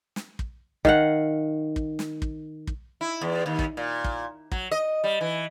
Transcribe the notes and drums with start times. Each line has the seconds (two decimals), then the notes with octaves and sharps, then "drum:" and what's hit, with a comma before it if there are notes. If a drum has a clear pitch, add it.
0.16 drum: snare
0.39 drum: kick
0.85 D#3 F5 F#5, drum: kick
1.76 drum: kick
1.99 drum: snare
2.22 drum: kick
2.67 drum: kick
3.01 E4
3.21 E2
3.46 D#2
3.59 drum: kick
3.77 A#2
4.04 drum: kick
4.52 F#3, drum: kick
4.71 D#5
5.04 G3
5.21 E3